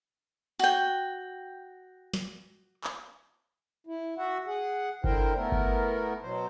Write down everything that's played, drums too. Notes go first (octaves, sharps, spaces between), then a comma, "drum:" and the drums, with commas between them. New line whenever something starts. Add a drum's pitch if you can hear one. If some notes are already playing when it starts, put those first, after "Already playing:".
F#4 G5, drum: tambourine
drum: snare
drum: clap
E4
F#4 E5 F#5
G#4 F#5
D3 E4 A#4 C5 G5, drum: kick G1
A3 B3 E4 A#4
drum: kick G1
B2 F#3 C5